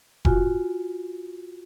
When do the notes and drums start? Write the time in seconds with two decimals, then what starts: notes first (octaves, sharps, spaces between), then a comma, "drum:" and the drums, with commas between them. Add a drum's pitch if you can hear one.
0.25 F4 F#4 G#5, drum: kick F1